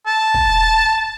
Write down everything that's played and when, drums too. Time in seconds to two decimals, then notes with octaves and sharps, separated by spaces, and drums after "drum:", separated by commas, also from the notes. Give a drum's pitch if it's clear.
0.07 A5
0.34 drum: kick